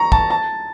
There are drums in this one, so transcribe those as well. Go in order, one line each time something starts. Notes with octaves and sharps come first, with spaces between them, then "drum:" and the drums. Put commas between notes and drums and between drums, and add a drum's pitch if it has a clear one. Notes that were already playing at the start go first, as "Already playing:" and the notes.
Already playing: A#5 C#6
A5, drum: kick
A5